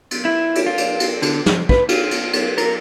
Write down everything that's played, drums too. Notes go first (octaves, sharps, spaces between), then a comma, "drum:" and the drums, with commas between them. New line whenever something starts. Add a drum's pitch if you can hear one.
drum: cymbal
E4
drum: cymbal
F4
drum: cymbal
drum: cymbal
D3, drum: cymbal
F2, drum: snare
B4, drum: kick
F4, drum: cymbal
drum: cymbal
drum: cymbal
A#4, drum: cymbal